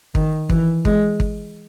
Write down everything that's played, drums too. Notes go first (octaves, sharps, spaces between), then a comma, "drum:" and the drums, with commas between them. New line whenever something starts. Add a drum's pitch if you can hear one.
D#3, drum: kick
E3, drum: kick
G#3, drum: kick
drum: kick